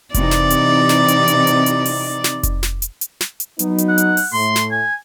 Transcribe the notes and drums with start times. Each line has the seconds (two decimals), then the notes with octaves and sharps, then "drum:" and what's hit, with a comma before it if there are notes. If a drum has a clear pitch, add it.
0.14 C3 E3 D#4 D5, drum: kick F1, hi-hat
0.31 drum: snare
0.50 drum: hi-hat
0.89 drum: snare
1.08 drum: hi-hat
1.28 drum: hi-hat
1.47 drum: hi-hat
1.66 drum: hi-hat
1.85 drum: open hi-hat
2.24 drum: snare
2.43 drum: kick F1, hi-hat
2.63 drum: snare
2.82 drum: hi-hat
3.01 drum: hi-hat
3.21 drum: snare
3.40 drum: hi-hat
3.59 F#3 B3 D#4, drum: hi-hat
3.78 drum: hi-hat
3.88 F#5
3.98 drum: hi-hat
4.17 drum: open hi-hat
4.32 A2 A3 C6
4.56 drum: snare
4.71 G#5